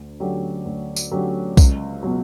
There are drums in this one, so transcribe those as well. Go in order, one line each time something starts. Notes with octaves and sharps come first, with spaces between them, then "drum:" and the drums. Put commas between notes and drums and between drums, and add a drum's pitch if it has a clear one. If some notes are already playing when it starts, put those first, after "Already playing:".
Already playing: D2
D3 F#3 C#4 G4
D2
drum: tambourine
D3 F#3 C#4 G4
C#2, drum: kick B1, tambourine
B2 F#3